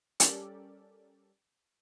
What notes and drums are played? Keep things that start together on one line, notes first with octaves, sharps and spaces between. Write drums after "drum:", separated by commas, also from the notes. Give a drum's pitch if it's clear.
G3 C#4 G4 A4 A#4 D5, drum: hi-hat